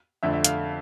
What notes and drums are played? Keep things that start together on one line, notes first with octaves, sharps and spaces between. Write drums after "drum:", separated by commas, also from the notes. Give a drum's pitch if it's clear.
F2 D3 A3 E5
E5
F5, drum: hi-hat